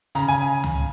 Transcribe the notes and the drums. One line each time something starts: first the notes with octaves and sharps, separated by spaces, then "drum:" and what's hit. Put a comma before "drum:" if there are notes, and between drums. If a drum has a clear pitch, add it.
C#3 A#5, drum: hi-hat
G#5
drum: tom